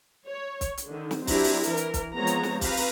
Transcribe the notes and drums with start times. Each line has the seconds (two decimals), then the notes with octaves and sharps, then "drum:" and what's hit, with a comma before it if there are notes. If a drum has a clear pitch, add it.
0.28 C#5
0.61 drum: kick B1, hi-hat
0.77 drum: hi-hat
0.88 D3 D#3
1.11 drum: snare
1.27 F#3 C4 D4 E4 G4 A#5, drum: kick B1, open hi-hat
1.44 drum: open hi-hat
1.63 E3 A#4, drum: hi-hat
1.77 drum: hi-hat
1.94 drum: kick B1, hi-hat
2.17 F3 G#3 B3 C4 C#5 A#5
2.27 drum: hi-hat
2.43 drum: snare
2.61 C4 G4 B4 F5 A#5, drum: kick B1, open hi-hat
2.77 drum: open hi-hat